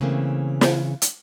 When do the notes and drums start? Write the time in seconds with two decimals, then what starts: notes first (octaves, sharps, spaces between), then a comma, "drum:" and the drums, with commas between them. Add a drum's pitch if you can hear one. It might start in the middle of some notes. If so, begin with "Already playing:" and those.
0.01 C#3 E3 A3 A#3 C4
0.61 drum: snare
1.02 drum: hi-hat